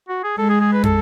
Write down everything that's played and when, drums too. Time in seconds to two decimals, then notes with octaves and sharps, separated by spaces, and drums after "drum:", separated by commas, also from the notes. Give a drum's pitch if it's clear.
0.09 F#4
0.23 G#4
0.38 G#3 A4
0.50 G#4
0.60 G#4
0.73 B4
0.83 A4, drum: tom